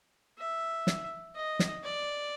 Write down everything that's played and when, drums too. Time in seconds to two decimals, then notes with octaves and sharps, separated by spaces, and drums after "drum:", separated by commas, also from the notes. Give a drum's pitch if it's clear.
0.38 E5
0.87 drum: snare
1.35 D#5
1.59 drum: snare
1.84 D5